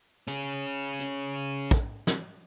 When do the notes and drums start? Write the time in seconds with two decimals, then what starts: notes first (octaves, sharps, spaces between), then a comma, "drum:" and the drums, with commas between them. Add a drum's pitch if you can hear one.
0.28 C#4 G#4, drum: hi-hat
0.99 drum: hi-hat
1.71 drum: kick
2.07 drum: snare